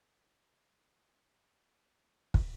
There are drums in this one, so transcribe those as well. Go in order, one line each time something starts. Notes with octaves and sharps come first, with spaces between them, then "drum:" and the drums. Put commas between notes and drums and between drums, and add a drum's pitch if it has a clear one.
F#2 C4
D2
drum: kick